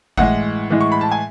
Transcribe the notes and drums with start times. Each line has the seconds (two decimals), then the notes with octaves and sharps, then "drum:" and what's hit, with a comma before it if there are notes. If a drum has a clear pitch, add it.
0.17 A2 E3 G#3 F#5, drum: kick G1
0.70 A2 E3 G#3
0.81 C#6
0.92 B5
1.01 A5
1.11 G#5